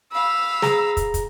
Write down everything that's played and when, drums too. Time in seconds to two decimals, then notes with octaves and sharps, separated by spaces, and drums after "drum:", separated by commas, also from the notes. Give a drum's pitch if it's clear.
0.12 F5 B5 E6
0.62 G#4 A#5, drum: snare
0.97 drum: kick, hi-hat
1.14 drum: kick, hi-hat